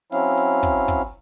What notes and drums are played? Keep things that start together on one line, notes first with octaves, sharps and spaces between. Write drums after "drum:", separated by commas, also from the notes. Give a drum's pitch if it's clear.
F#3 C4 C#4 E4 F5, drum: hi-hat
drum: hi-hat
drum: kick, hi-hat
drum: kick, hi-hat